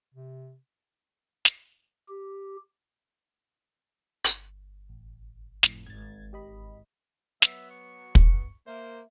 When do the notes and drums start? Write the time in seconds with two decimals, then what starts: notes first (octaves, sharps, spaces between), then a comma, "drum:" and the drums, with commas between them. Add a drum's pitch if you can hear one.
0.15 C3
1.45 drum: snare
2.08 G4
4.24 G1, drum: hi-hat
4.89 A1
5.63 F2 A2, drum: snare
5.86 G#1 G#6 A6
6.33 G4 D#5 B5
7.42 F#3 B3 E5, drum: snare
7.71 C#6
8.15 drum: kick
8.67 A#3 C5 E5